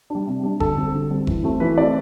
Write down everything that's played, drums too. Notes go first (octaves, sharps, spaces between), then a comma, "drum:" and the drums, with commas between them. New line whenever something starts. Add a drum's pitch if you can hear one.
G3 D4
C3
G3 D4
D3 A4, drum: kick F1
G3 C4
D3
G3 C4
E3, drum: kick F1
A3 C4
E3 B4
A3 C4 D5